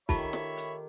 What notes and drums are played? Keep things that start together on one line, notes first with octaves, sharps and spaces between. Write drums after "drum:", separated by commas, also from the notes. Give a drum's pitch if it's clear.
D#3 F4 G4 A4 C#5 E5 A5 B5, drum: kick, hi-hat
drum: snare
drum: hi-hat